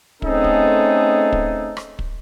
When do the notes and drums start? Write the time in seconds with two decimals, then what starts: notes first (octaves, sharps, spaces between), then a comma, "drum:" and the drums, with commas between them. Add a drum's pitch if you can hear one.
0.22 A3 C4 C#4 D#4 G#4 A4, drum: kick
0.44 drum: kick
1.32 drum: kick
1.77 drum: rim click
1.99 drum: kick